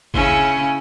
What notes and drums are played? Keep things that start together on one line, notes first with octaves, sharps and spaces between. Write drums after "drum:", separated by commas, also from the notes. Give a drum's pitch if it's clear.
C#3 C#4 E4, drum: kick